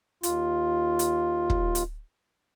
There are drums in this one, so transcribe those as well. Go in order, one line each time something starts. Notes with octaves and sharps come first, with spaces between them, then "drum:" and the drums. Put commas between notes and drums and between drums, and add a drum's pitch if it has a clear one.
D#2 F4, drum: hi-hat
drum: hi-hat
drum: kick
drum: hi-hat